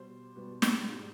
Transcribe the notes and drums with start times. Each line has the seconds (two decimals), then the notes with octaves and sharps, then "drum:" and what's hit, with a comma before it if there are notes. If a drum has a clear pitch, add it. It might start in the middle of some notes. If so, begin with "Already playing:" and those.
Already playing: B2 G3 C5
0.36 B2 G3 B4
0.62 drum: snare
0.88 G#2 D#3 G3